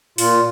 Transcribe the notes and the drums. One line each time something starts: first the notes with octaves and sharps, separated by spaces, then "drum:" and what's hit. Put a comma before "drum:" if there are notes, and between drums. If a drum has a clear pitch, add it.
A#2 F4, drum: open hi-hat